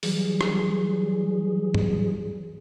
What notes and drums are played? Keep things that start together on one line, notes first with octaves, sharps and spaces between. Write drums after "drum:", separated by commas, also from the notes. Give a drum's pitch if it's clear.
E3 F#3 G3 G#4, drum: open hi-hat
drum: rim click
drum: tom